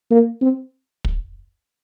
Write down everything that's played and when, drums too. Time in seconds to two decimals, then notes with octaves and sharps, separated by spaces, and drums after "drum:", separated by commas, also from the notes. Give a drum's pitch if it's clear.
0.11 A#3
0.42 C4
1.04 drum: kick